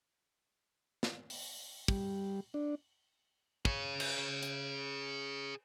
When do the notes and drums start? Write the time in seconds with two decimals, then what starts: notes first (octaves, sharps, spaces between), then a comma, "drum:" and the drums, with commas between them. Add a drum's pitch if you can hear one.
1.03 drum: snare
1.30 drum: open hi-hat
1.88 G3, drum: kick
2.54 D4
3.65 G#4 C#5, drum: kick
4.00 drum: cymbal
4.43 drum: hi-hat